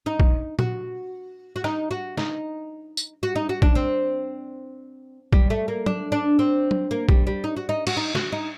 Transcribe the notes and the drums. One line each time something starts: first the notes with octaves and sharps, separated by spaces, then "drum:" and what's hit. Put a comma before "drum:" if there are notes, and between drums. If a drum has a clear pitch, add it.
D#4
drum: kick
F#4, drum: tom A#2
F#4
D#4, drum: rim click
F#4
D#4, drum: snare
drum: tambourine
F#4
D#4
F#4
D4, drum: kick
C4
G3, drum: kick
A3
A#3
D4, drum: tom F#3
D4
C4
drum: tom F#3
A#3
G3, drum: kick
G3
D#4
F#4
D#4
F#4, drum: cymbal
D#4
F#4, drum: snare
D#4